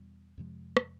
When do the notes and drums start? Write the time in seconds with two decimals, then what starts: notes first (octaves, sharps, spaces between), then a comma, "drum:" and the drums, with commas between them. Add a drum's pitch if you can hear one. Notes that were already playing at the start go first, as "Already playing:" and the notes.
Already playing: E2 B2 G3
0.38 F2 C3 F3 G#3
0.77 drum: rim click